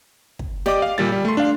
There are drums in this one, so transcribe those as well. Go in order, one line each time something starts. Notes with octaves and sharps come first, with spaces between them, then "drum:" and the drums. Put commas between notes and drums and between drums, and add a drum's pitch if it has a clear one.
drum: kick
G4 D5 D#5 D6, drum: snare
F5
A#2 G3 A6, drum: tom D3
G3
A3 C6
D4 F5